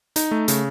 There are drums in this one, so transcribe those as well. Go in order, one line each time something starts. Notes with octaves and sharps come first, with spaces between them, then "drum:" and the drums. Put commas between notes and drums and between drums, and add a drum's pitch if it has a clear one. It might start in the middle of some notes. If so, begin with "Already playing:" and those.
D#4, drum: hi-hat
A3
C#3, drum: hi-hat